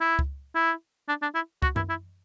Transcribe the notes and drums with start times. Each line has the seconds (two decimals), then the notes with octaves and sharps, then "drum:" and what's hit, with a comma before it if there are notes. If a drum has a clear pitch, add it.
0.01 E4
0.19 drum: kick C#2
0.55 E4
1.08 D4
1.22 D4
1.35 E4
1.62 F#4, drum: kick C#2
1.76 E4, drum: tom F#2
1.89 E4